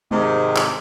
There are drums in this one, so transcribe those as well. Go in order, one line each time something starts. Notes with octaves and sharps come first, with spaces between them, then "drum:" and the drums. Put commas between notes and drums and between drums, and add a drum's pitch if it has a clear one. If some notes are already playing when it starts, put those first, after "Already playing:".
G#2 C3 D#3, drum: tom G#3
drum: clap